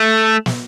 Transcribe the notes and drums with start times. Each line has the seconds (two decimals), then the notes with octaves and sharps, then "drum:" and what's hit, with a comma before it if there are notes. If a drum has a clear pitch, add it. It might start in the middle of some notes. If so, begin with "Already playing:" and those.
Already playing: A3
0.46 drum: snare